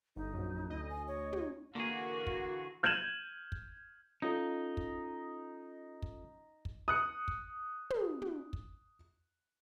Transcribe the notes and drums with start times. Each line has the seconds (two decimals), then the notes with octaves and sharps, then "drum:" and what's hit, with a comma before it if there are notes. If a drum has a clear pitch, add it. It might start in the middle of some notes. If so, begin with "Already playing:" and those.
0.16 G1 D#4
0.33 A#1 F#2
0.70 D2 D#5
0.90 G#5
1.07 C#5
1.33 drum: tom
1.75 D3 E3 A#3 F#4 G#4
2.27 drum: kick
2.83 F6 G6 G#6 D#7 E7 F#7
3.52 drum: kick
4.22 C#4 D#4 F4 A4
4.77 drum: kick
6.02 drum: kick
6.65 drum: kick
6.88 D#6 F#6 C#7
7.28 drum: kick
7.90 drum: tom
8.22 drum: tom
8.53 drum: kick